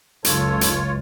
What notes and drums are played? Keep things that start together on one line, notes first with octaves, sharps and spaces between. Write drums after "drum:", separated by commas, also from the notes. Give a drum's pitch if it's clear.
F#1 C#2 F4 A4 C#5, drum: hi-hat
drum: hi-hat